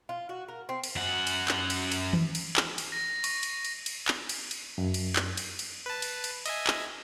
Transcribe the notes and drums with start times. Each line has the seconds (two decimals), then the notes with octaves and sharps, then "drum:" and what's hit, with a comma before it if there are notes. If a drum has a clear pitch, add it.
0.09 F4
0.29 F#4
0.48 A#4
0.69 C4
0.84 drum: cymbal
0.96 F#2 F#5
1.27 drum: cymbal
1.48 drum: clap
1.70 drum: cymbal
1.92 drum: cymbal
2.13 drum: tom D#3
2.35 drum: cymbal
2.56 drum: clap
2.78 drum: cymbal
2.92 A#6
3.24 C#6, drum: cymbal
3.43 drum: cymbal
3.65 drum: cymbal
3.86 drum: cymbal
4.08 drum: clap
4.29 drum: cymbal
4.51 drum: cymbal
4.78 F#2
4.94 drum: cymbal
5.16 drum: clap
5.37 drum: cymbal
5.59 drum: cymbal
5.86 B4 A5
6.02 drum: cymbal
6.24 drum: cymbal
6.46 D#5 E5 G#5, drum: cymbal
6.67 drum: clap